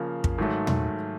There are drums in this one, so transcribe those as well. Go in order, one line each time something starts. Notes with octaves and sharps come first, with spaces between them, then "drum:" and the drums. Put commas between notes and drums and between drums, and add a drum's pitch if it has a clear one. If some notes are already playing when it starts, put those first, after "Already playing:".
Already playing: C#3 F3 A#3
drum: kick
G#2 D#3 F#3 A3
drum: tom